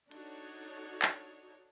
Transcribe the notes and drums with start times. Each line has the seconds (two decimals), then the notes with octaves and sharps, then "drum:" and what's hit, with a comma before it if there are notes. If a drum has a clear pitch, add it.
0.11 D4 D#4 F#4 A4 C#5, drum: hi-hat
1.02 drum: clap